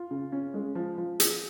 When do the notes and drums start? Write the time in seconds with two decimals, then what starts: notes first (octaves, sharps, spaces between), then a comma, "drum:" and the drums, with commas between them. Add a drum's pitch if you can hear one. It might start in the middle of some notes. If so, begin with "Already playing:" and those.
Already playing: F4
0.11 C#3
0.32 C#4
0.54 G#3
0.75 F3
0.98 F3
1.20 G#4, drum: hi-hat